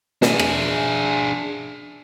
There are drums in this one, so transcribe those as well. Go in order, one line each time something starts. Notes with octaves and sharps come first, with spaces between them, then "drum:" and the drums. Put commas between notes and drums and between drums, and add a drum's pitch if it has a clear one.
D4 G#4, drum: snare
drum: rim click